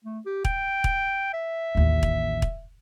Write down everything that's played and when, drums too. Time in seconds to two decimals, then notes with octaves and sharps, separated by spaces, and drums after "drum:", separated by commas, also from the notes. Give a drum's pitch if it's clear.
0.04 A3
0.26 G4
0.45 G5, drum: kick
0.84 drum: kick
1.33 E5
1.75 A1 D#2
2.03 drum: kick
2.42 drum: kick